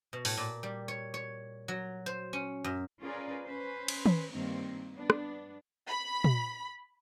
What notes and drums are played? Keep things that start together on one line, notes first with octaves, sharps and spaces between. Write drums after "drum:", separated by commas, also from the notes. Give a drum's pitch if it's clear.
B2
A2, drum: open hi-hat
A#2
G3
C#5
C#5
F#3
C5
C#4
F#2
C#4 F4 G#4 A#4 B4 D5
C#4 B4 C5
drum: cymbal
drum: tom
G2 D#3 A#3 C4
B3 D4
drum: rim click
B5
drum: tom A#2